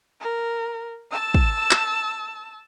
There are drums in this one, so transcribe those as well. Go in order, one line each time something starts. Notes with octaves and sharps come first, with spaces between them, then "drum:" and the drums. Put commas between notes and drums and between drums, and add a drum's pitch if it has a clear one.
A#4
A5 E6
drum: kick
drum: clap